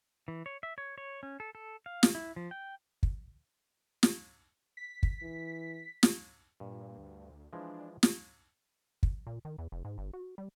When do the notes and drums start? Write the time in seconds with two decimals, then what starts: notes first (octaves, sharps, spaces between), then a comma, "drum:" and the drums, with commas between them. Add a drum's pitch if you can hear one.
0.28 E3
0.46 C#5
0.63 E5
0.78 C#5
0.98 C#5
1.23 C#4
1.40 A4
1.55 A4
1.86 F5
2.03 drum: snare
2.15 E4
2.36 F3
2.51 G5
3.03 drum: kick
4.03 drum: snare
4.77 B6
5.03 drum: kick
5.22 E3
6.03 drum: snare
6.60 G2 A#2
6.98 D2
7.53 E3 F3 G#3 D4
8.03 drum: snare
9.03 drum: kick
9.27 A#2
9.45 D#3
9.58 E2
9.72 F1
9.85 G#2
9.98 G1
10.13 F#4
10.38 G3